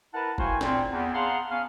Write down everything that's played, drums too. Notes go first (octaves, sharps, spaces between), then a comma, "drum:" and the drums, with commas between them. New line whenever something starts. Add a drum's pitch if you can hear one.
E4 A#4 B4 F#5 A5
E4 F#4 C5 F5 G5 G#5, drum: kick F1
A#2 C4, drum: snare
E2
G#4 F5 F#5 A5 A#5 C6
B3 C#4 F5